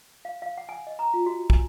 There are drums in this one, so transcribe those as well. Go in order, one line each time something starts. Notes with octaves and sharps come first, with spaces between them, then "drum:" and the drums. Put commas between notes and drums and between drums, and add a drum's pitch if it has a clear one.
F5
F5
F#5
G#5
D#5
A#5
F4
F#4
G#5, drum: kick